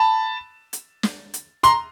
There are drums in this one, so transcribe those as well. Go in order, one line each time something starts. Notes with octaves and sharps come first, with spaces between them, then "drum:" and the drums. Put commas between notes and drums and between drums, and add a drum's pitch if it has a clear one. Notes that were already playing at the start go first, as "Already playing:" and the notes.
Already playing: A5 B5
drum: hi-hat
drum: snare
drum: hi-hat
A#5 C6, drum: hi-hat